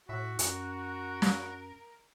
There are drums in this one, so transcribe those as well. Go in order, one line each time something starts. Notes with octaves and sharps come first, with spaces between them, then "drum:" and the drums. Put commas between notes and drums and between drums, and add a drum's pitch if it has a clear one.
A2 F#4 E5
F#2 A#4, drum: hi-hat
drum: snare